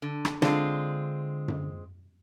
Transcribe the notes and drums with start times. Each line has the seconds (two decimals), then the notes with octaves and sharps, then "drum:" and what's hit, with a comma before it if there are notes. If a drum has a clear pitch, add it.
0.02 D3
0.25 drum: rim click
0.42 D3 G#3 C4 F4, drum: snare
1.48 drum: tom F#2